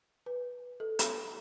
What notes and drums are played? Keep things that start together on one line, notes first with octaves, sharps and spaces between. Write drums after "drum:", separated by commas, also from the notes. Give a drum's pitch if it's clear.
B4
A4
drum: hi-hat